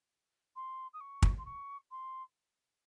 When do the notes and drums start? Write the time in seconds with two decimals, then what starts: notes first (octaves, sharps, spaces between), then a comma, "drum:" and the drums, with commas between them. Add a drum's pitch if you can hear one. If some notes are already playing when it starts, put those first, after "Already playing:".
0.55 C6
0.93 D#6
1.00 C#6
1.22 drum: kick
1.38 C6
1.45 C#6
1.90 C6